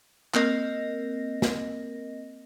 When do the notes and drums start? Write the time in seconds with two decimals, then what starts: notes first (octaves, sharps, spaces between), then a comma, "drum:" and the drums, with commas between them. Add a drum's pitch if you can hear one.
0.34 A#3 C4 A#4 D#5 A#6, drum: clap
1.42 drum: snare